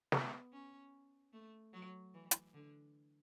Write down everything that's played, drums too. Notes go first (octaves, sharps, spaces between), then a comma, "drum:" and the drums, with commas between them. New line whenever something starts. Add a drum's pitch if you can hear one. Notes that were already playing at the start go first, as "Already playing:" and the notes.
B3, drum: snare
C#4
A3
F#3
E3
drum: hi-hat
D3